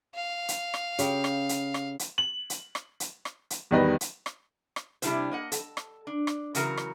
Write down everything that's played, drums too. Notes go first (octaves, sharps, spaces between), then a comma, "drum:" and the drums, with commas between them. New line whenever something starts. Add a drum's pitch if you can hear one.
F5
drum: hi-hat
drum: rim click
C#3 G4, drum: hi-hat
drum: rim click
drum: hi-hat
drum: rim click
drum: hi-hat
F#7
drum: hi-hat
drum: rim click
drum: hi-hat
drum: rim click
drum: hi-hat
E2 D#3 G3 D#4 B4 D#5
drum: hi-hat
drum: rim click
drum: rim click
C3 G3 D4 E4 F4 C5, drum: hi-hat
A#3 D#5 F#5
A4, drum: hi-hat
drum: rim click
D4
drum: rim click
C#3 E3 F#3 F#4 A#4, drum: hi-hat
drum: rim click